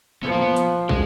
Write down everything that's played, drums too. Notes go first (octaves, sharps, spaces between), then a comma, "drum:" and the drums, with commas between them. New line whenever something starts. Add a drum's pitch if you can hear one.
F3 B3
A#3
B3
drum: hi-hat
G#3, drum: kick